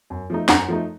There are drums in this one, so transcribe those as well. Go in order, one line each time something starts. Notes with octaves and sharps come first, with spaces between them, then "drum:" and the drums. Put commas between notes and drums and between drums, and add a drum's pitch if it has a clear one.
F#2
F3 A3 D#4
F#2 F#5 A#5, drum: snare
F3 A3 D#4